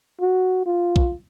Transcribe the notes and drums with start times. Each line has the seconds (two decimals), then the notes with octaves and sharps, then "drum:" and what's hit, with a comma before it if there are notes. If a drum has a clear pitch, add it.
0.21 F#4
0.66 F4
0.96 drum: kick B1